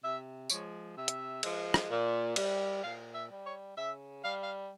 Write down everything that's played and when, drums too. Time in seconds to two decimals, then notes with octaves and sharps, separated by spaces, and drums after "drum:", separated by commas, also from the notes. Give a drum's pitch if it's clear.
0.03 C3 E5
0.50 F3 G#3 C#5, drum: tambourine
0.96 C3 E5
1.08 drum: hi-hat
1.43 F3 G#3, drum: cymbal
1.74 drum: rim click
1.90 A#2
2.36 G3, drum: cymbal
2.83 A#2 F5
3.14 E5
3.30 G3
3.45 C#5
3.76 C#3 E5
4.23 G3 F5
4.43 F5